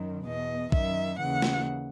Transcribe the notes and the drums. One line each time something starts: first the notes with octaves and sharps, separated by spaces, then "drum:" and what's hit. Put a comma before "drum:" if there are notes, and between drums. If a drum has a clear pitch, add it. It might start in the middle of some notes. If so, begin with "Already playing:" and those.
Already playing: F#2 D#3
E2 B2 D#5
F#2 D#3 E5, drum: kick A#1
D#2 C#3 E3 F#5
drum: snare